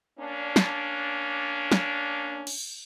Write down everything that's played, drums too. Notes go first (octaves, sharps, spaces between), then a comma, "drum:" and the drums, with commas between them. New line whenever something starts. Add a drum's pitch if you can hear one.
A#3 C#4 D4
drum: snare
drum: snare
drum: cymbal